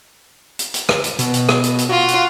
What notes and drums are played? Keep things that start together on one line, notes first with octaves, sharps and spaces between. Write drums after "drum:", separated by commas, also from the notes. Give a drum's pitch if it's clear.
drum: hi-hat
drum: hi-hat
drum: rim click
drum: hi-hat
B2, drum: hi-hat
drum: hi-hat
drum: rim click
drum: hi-hat
drum: hi-hat
F4 F#4
drum: hi-hat